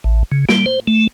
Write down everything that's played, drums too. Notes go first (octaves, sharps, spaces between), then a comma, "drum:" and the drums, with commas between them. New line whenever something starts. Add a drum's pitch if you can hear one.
A1
C#3
G3, drum: snare
C5
A3